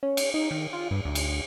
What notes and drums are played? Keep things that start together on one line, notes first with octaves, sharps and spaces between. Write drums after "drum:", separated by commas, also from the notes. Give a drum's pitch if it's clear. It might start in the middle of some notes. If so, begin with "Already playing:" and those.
C#4
drum: cymbal
D#4
D#3
F4
G2
D2
drum: cymbal